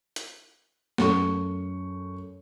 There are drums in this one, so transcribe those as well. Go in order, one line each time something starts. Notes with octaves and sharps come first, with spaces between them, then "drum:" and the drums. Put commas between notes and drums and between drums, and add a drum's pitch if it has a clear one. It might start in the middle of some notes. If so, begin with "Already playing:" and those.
drum: hi-hat
F#2 A3 C#6, drum: snare